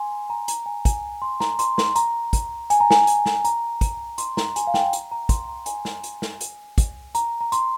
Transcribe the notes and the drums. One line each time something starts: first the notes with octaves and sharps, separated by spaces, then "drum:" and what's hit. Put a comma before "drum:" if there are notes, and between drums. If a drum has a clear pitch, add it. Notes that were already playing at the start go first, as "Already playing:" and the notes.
Already playing: G#5 C6
A#5
A#5
A#5, drum: hi-hat
G#5
G#5, drum: kick, hi-hat
C6
A#5, drum: snare
C6, drum: hi-hat
C6, drum: snare
A#5, drum: hi-hat
drum: kick, hi-hat
G#5, drum: hi-hat
A#5
G#5, drum: snare
drum: hi-hat
drum: snare
A#5, drum: hi-hat
drum: kick, hi-hat
C6, drum: hi-hat
A#5, drum: snare
G#5, drum: hi-hat
F5
G5, drum: snare
A#5, drum: hi-hat
A#5
C6, drum: kick, hi-hat
A#5
G#5, drum: hi-hat
drum: snare
drum: hi-hat
drum: snare
drum: hi-hat
drum: kick, hi-hat
A#5, drum: hi-hat
A#5
C6, drum: hi-hat